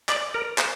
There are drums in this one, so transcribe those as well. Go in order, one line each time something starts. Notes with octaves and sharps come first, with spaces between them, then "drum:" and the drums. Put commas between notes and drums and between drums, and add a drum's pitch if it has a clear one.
D5, drum: clap
A#4
C5, drum: clap